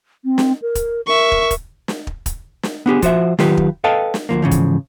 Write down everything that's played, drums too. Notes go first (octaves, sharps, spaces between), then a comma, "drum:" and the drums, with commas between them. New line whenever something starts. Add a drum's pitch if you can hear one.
C4
drum: snare
A#4
drum: kick, hi-hat
A#4 E5 C#6
drum: kick
drum: kick, hi-hat
drum: snare
drum: kick
drum: kick, hi-hat
drum: snare
B3 D4 G4 G#4
F3 F#4 C5 E5, drum: kick, hi-hat
D#3 F#3 F4 G4 B4, drum: snare
drum: kick
A4 B4 D#5 F5 G5 A5
drum: snare
D2 G2 F3 A#3
G#2 C#3 E3 F3
drum: kick, hi-hat